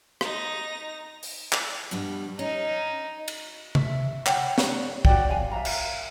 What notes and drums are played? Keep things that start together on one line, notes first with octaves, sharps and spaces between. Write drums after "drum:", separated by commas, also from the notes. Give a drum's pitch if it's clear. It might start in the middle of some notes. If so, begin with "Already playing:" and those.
D#4 A#6, drum: rim click
drum: open hi-hat
drum: clap
G2 B2 G3
C#4 D#4
drum: cymbal
E5, drum: tom C3
C#5 F#5 G5, drum: clap
D4 C#5, drum: snare
F#4 G4 D5 G5, drum: kick
C#5 F5 G#5
E5 F5 A#5
drum: cymbal